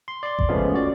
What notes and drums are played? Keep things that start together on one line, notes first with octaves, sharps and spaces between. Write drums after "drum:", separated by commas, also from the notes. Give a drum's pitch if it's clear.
C6
D5 C6
drum: kick G#1
C#3 F3 G#3 A3 B3 C#4
F#4 D5